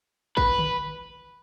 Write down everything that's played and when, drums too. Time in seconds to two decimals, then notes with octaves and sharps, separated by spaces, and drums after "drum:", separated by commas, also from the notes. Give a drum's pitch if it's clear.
0.37 B4, drum: kick
0.59 drum: tom D3